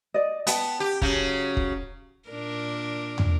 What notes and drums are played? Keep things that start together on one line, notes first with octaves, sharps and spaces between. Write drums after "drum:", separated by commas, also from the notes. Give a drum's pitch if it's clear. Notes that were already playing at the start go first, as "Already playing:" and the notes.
D5 D#5
B3 G5 A5, drum: hi-hat
G4
C#3 F#3, drum: kick
drum: kick
A#2 D4 A#4
drum: tom